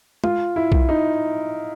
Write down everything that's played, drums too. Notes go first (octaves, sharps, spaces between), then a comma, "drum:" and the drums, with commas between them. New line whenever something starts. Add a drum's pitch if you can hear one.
F4, drum: tom G#3
E4
drum: kick B1
D#4